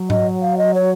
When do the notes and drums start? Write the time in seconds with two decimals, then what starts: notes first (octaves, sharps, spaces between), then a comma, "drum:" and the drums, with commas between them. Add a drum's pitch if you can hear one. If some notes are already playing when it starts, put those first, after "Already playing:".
Already playing: F#3
0.10 D#5, drum: tom G#2
0.42 F5
0.58 D#5
0.74 C#5